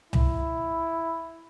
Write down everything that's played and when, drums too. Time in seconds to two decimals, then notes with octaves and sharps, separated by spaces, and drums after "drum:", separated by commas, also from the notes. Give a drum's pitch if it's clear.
0.13 E4, drum: tom C2